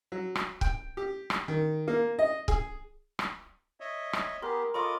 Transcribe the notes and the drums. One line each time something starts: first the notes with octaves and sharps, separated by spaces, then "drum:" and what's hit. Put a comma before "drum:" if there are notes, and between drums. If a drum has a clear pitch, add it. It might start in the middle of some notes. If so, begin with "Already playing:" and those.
F#3
drum: rim click
G5, drum: kick
G4
drum: rim click
D#3
A#3
D#5
G#4, drum: kick
drum: rim click
C#5 D#5 E5
drum: rim click
B3 G4 G#4 A#4 C6
F4 A4 C#5 D#5 B5 D6